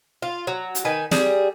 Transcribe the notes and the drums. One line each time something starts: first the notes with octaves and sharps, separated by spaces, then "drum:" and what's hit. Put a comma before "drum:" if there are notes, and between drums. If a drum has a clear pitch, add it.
F4
F#3
drum: hi-hat
D#3 B4 G#5
G3 G#4, drum: snare